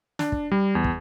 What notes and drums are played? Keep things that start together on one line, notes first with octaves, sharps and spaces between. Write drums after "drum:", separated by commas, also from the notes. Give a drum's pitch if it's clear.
D4, drum: snare
drum: kick
G3
E2
drum: kick